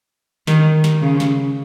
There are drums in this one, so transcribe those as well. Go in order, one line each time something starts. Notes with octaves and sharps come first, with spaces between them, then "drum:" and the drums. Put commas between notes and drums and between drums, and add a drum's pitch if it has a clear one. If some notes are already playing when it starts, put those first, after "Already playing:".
D#3, drum: snare
drum: snare
C#3
drum: snare